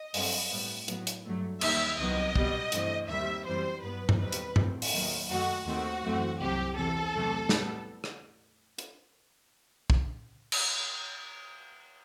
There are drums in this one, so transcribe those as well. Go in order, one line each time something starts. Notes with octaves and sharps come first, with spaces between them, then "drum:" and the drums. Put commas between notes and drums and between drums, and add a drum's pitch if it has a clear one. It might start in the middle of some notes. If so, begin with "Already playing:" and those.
Already playing: D#5
G2 F#3 C4, drum: open hi-hat
A2 G3 B3
A2 F#3 B3, drum: hi-hat
drum: hi-hat
G2 F#3 A3
D#2 D#3 G3 E5, drum: cymbal
C2 C3 D#3 F#3 B3 D#5
B2 G3 B3, drum: kick
G2 E3 A3 C4, drum: hi-hat
D#2 D#3 G3 C4 E5
F#2 E3 G3 C4 C5
G2 F#3 B3 B4
drum: tom G2
E2 D#3 G3 C4 B4
drum: hi-hat
A2 F#3 C4, drum: tom G2
drum: open hi-hat
D#2 D#3 F#3 B3
F#2 D#3 A3 F#4
D#2 D#3 A3 C4 F#4
F#2 E3 A3 C4
C2 C3 F#3 C4 G4
E2 C3 E3 A4
E2 C3 F#3 A3
A2 G3 B3, drum: snare
drum: rim click
drum: hi-hat
drum: kick
drum: cymbal